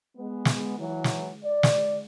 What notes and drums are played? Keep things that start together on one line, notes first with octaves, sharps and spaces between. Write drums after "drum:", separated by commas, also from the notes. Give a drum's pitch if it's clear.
G#3 B3
drum: snare
E3 F#3
drum: snare
D5
drum: snare